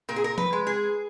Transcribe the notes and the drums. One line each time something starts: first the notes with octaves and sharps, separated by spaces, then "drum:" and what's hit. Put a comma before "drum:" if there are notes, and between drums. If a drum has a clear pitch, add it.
A#2 A#4
G#4
A#4
B4, drum: tom F3
G#3
G#4